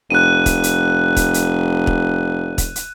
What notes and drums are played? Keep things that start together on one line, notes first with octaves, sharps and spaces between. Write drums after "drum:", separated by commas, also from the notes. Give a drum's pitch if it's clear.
F1 F#6 D#7
drum: kick, hi-hat
drum: hi-hat
drum: kick, hi-hat
drum: hi-hat
drum: kick
drum: kick, hi-hat
drum: hi-hat